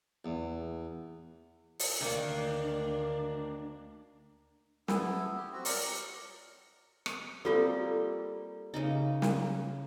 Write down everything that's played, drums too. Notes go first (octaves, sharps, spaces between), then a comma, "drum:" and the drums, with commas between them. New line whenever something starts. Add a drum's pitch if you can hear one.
E2
drum: open hi-hat
D2 D#3 A#3 D4
B3 E4 A4, drum: snare
G4
C4 F#4
G4 A#4 D5 A#5, drum: open hi-hat
drum: rim click
G3 A#3 C4 F4 G4 A4
C#3 A#3 D#4
drum: snare